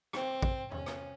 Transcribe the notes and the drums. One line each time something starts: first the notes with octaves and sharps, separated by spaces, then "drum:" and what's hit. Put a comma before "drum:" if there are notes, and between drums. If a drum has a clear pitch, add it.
C4, drum: rim click
drum: kick
C#4, drum: tom E2
drum: rim click